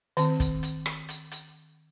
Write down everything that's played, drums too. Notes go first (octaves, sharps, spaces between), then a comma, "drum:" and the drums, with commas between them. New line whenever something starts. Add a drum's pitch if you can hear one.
D#3 C4, drum: hi-hat
drum: kick, hi-hat
drum: hi-hat
drum: rim click
drum: hi-hat
drum: hi-hat